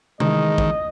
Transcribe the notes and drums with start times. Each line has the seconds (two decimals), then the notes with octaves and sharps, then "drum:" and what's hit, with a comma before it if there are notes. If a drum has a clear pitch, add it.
0.20 D#3 E3 G#3 D#5, drum: tom C3
0.58 drum: kick